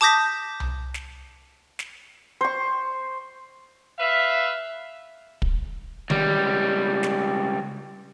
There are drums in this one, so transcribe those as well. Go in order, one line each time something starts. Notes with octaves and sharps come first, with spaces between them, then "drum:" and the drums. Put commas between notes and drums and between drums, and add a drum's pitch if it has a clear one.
A5 D6 D#6 G6 A#6 B6
drum: tom C2
drum: snare
drum: snare
C5 C#6
B4 E5 F5
drum: kick
C#2 G3, drum: tom D#3
drum: snare